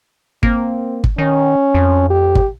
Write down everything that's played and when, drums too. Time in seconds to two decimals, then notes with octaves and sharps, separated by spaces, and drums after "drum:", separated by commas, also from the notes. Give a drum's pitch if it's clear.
0.43 A#3 C4, drum: kick
1.04 drum: kick
1.18 D#3 C#4
1.74 F2
2.10 G4
2.35 drum: kick